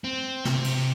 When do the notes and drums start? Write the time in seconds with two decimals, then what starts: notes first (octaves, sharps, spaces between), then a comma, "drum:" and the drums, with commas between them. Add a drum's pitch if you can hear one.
0.04 C4
0.45 C3, drum: snare
0.64 drum: cymbal